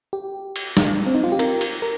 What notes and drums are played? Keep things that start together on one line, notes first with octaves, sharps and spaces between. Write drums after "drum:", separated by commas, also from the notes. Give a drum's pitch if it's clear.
G4
drum: cymbal
drum: snare
C4
D#4
F4
G4
A#4, drum: cymbal
drum: cymbal
A#4